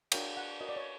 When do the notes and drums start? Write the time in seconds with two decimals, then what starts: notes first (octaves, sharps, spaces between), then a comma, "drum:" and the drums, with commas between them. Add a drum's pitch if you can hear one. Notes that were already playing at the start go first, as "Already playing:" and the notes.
0.12 D4 F#4 A#4 C#5 G5, drum: cymbal
0.37 F#5
0.61 F#4 A#4 C#5 D#5
0.69 D5
0.76 C#5